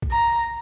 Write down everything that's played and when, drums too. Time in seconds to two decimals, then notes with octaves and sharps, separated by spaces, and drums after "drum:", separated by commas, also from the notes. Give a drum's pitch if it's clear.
0.02 drum: kick
0.12 A#5